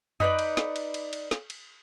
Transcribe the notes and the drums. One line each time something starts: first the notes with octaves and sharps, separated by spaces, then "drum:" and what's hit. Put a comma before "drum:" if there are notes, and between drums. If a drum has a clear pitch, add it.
D#4 B4 C5 D5, drum: tom F2
drum: cymbal
drum: snare
drum: cymbal
drum: cymbal
drum: cymbal
drum: snare
drum: cymbal